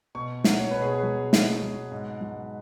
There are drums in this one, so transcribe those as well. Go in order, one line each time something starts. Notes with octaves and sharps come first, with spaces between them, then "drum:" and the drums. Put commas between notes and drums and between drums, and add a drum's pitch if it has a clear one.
B2 C#6
F#3, drum: snare
C#5
B2 B4
G#4
B4
F#3
B2, drum: snare
F#3
G#2
F#3